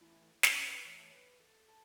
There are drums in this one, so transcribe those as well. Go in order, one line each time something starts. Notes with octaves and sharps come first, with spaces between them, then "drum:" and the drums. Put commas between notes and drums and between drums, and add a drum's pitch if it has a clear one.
A2 E3 A3 E4
C#4, drum: snare
B4
A2 E3 A3 C#5
B4
A4
A4